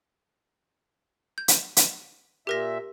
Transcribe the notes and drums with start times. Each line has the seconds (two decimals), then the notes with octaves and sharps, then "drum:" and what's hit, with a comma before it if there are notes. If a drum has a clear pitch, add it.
1.38 G6
1.48 drum: hi-hat
1.77 drum: hi-hat
2.47 A#2 G4 A#4 E5 A#6